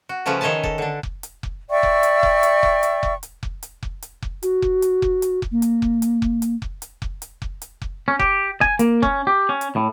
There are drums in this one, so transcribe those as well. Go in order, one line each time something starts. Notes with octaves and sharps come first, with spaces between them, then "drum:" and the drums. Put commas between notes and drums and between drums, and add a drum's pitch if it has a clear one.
F#4
C#3 F3 A3 C#4 B4
D#3 C#5 D#5 E5 G#5 A5
A4, drum: kick F1
D3 D4
drum: kick F1
drum: hi-hat
drum: kick F1
D5 E5 G5 C#6
drum: kick F1
drum: hi-hat
drum: kick F1
drum: hi-hat
drum: kick F1
drum: hi-hat
drum: kick F1
drum: hi-hat
drum: kick F1
drum: hi-hat
drum: kick F1
drum: hi-hat
drum: kick F1
F#4, drum: hi-hat
drum: kick F1
drum: hi-hat
drum: kick F1
drum: hi-hat
drum: kick F1
A#3
drum: hi-hat
drum: kick F1
drum: hi-hat
drum: kick F1
drum: hi-hat
drum: kick F1
drum: hi-hat
drum: kick F1
drum: hi-hat
drum: kick F1
drum: hi-hat
drum: kick F1
C#4
G4, drum: kick F1
G#5, drum: kick F1
A#3, drum: hi-hat
C#4, drum: kick F1
G4
C#4
drum: hi-hat
A2